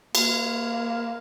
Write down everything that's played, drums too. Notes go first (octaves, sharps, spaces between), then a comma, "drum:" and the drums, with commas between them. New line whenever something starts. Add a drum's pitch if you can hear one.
A#3, drum: cymbal